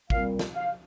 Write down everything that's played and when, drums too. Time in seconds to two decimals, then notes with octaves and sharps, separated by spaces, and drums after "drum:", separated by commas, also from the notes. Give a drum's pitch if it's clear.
0.10 A#2 G3 C4 F5, drum: kick
0.39 drum: snare
0.54 F5